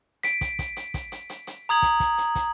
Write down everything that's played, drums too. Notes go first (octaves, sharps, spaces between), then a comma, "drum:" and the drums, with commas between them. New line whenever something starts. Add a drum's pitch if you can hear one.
B6 D7, drum: hi-hat
drum: kick, hi-hat
drum: kick, hi-hat
drum: hi-hat
drum: kick, hi-hat
drum: hi-hat
drum: hi-hat
drum: hi-hat
A#5 D#6 G#6 F#7
drum: kick, hi-hat
drum: kick, hi-hat
drum: hi-hat
drum: kick, hi-hat